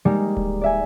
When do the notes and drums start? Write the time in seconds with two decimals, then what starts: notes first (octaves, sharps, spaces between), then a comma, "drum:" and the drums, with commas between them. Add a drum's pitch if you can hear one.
0.05 G3 G#3 A#3 D#4
0.37 drum: kick D1
0.61 D5 E5 G#5